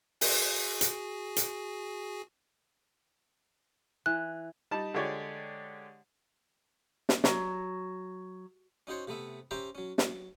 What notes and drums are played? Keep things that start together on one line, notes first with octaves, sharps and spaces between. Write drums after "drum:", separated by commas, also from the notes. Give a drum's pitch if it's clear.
F#4 G#4 G#5, drum: open hi-hat
drum: hi-hat
drum: hi-hat
E3 F#6
G3 D#4 A5
D3 G#3 G4 C#5 D5
drum: snare
F#3, drum: snare
C#4 D#4 F#4 C5 C#5
C3 A3 B3 E5
C#4 G4 C5 E5 G5 A#5
F#3 C#4
F#3, drum: snare